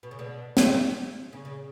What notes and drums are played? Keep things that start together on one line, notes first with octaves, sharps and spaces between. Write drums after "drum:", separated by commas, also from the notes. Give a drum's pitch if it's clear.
B2
C#3
B2 D3
drum: snare
C#3
C#3